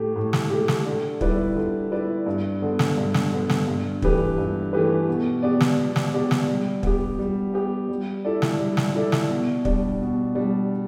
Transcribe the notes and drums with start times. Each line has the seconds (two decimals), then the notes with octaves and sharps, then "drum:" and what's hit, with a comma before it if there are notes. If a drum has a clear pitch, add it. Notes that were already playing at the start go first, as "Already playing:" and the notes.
Already playing: A2 A3 G4
0.16 A2
0.33 drum: snare
0.50 A3 G4
0.68 drum: snare
0.86 D3
1.21 G3 E4 B4 D5, drum: kick
1.56 D3
1.91 G3 E4 B4 D5
2.26 G2
2.62 D3 B3
2.79 drum: snare
2.97 G2
3.14 drum: snare
3.32 D3 B3
3.49 drum: snare
3.68 G2
4.02 E3 A3 G4 B4, drum: kick
4.38 G2
4.73 E3 A3 G4 B4
5.08 B2
5.42 B3 G4 D5
5.60 drum: snare
5.77 B2
5.96 drum: snare
6.13 B3 G4 D5
6.31 drum: snare
6.48 G3
6.83 B3 G4, drum: kick
7.19 G3
7.53 B3 G4
7.89 G3
8.24 E4 A4 D5
8.42 drum: snare
8.59 G3
8.77 drum: snare
8.94 E4 A4 D5
9.12 drum: snare
9.29 B2
9.65 G3 D4, drum: kick
10.01 B2
10.35 G3 D4